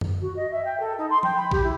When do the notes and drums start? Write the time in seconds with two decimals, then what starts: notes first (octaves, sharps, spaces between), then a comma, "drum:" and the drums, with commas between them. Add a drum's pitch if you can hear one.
0.01 drum: tom F#2
0.21 F#4
0.36 D#5
0.51 E5
0.65 G5
0.80 A4
0.98 D#4
1.10 C6
1.23 G5, drum: tom F3
1.37 B5
1.51 G4, drum: kick A#1
1.64 E4